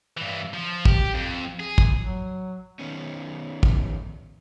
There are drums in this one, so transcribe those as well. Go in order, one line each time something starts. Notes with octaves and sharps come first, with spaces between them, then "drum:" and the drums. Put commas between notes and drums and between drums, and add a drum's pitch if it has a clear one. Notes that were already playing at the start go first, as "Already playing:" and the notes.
G2 E3
F3
G4, drum: kick
F2
G#4
drum: kick
F#3
D#3 B3 C#4
drum: kick